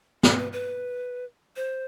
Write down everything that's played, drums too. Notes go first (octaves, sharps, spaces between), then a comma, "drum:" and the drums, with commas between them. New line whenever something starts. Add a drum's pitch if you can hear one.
A4, drum: snare
B4
B4
C5